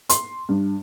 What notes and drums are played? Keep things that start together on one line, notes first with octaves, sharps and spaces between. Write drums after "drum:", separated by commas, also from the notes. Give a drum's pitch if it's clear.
C6, drum: hi-hat
G2